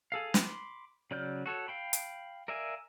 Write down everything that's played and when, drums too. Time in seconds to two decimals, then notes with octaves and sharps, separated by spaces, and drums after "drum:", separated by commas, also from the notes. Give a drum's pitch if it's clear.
0.12 G#4 A4 F5
0.34 B5 C6 D6, drum: snare
1.11 C#3 F#3 D5 F6 G6
1.46 F#4 A4 C#5
1.68 F5 G5 B5
1.93 drum: hi-hat
2.48 A#4 D5 E5 F5 G#5